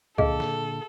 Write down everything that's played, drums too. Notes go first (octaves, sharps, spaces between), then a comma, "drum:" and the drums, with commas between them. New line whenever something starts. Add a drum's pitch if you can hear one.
A#2 D3 G#4 A4 D#5 F5, drum: kick
drum: snare